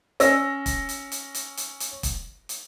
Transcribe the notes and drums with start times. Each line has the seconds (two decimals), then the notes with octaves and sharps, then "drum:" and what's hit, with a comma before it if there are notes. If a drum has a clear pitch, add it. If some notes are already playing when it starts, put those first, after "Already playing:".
0.20 C#4 E6 A#6, drum: hi-hat
0.66 drum: kick E1, hi-hat
0.89 drum: hi-hat
1.12 drum: hi-hat
1.35 drum: hi-hat
1.57 drum: hi-hat
1.80 drum: hi-hat
2.03 drum: kick E1, hi-hat
2.49 drum: hi-hat